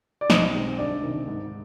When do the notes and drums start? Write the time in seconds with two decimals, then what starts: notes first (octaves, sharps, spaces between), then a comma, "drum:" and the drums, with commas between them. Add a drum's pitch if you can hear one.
0.21 D5
0.30 B1 D#5, drum: snare
0.54 B2 G#3 C4
0.78 D2 D5
1.03 C3 D#3
1.27 G#2